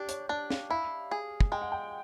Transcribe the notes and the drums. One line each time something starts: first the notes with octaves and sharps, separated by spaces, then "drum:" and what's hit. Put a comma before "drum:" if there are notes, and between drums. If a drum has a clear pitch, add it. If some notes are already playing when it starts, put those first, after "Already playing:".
Already playing: D4 G4
C#5, drum: hi-hat
D4 D5
F5, drum: snare
E4 F5
G#4
drum: kick
G#3 G5
F#5
G5